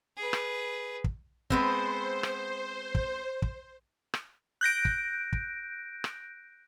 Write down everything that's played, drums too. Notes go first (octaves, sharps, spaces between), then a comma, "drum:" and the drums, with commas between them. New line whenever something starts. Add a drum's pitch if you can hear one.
G#4 B4
drum: rim click
drum: kick
G#3 B3 C4 C5, drum: kick
drum: rim click
drum: kick
drum: kick
drum: rim click
F#6 G6 A#6 D7
drum: kick
drum: kick
drum: rim click